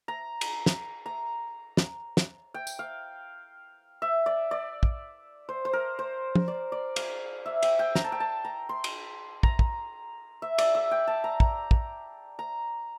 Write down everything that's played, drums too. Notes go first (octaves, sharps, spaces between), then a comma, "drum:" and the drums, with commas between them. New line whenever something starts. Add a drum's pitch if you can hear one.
A#5
drum: cymbal
drum: snare
A#5
drum: snare
drum: snare
G5
drum: tambourine
F5
E5
D5
D5
drum: kick
C5
C5
A#4
C5
drum: tom
D5
D5
F5, drum: cymbal
E5
G5, drum: cymbal
G5
A#5, drum: snare
A5
G5
A5
A#5
C6
drum: cymbal
A#5, drum: kick
drum: kick
E5
D5, drum: cymbal
E5
G5
A5
A#5
A#5, drum: kick
drum: kick
A#5